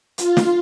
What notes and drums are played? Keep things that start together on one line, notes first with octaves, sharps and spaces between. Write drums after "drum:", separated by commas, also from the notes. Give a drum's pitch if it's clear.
F4, drum: hi-hat
drum: snare